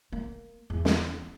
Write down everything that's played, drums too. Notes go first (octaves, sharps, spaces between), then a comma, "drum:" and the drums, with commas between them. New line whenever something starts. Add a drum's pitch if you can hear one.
A#3
E2
drum: snare